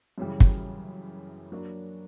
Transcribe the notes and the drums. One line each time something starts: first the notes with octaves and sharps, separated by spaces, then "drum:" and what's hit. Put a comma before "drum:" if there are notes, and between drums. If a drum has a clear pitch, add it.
F#2 C#3 E3 G3
drum: kick
F#3 A#3 D4 F#4